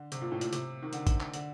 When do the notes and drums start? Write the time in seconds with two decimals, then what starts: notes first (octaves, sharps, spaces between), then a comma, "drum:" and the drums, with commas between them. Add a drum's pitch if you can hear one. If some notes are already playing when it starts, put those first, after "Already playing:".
Already playing: D3
0.12 C3, drum: hi-hat
0.22 A#2
0.32 A2
0.41 A#2, drum: hi-hat
0.53 C3, drum: hi-hat
0.82 D#3
0.93 D3, drum: hi-hat
1.07 drum: kick, hi-hat
1.20 drum: clap
1.34 D3, drum: hi-hat